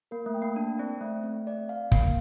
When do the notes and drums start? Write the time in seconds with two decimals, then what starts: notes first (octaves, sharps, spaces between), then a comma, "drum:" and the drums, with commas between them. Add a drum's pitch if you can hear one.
0.11 A#3 A#4
0.26 A3
0.34 G5
0.42 A#3
0.56 D4 A#4
0.79 C4 D5
1.01 A3 D5
1.24 C4
1.47 D5
1.69 F5
1.92 A#3 F5, drum: kick